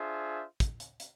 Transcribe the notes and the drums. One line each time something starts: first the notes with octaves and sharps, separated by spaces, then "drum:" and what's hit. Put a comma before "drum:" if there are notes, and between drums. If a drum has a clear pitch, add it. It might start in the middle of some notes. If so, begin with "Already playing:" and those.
Already playing: D4 F4 G#4 C5 E5
drum: kick, hi-hat
drum: hi-hat
drum: hi-hat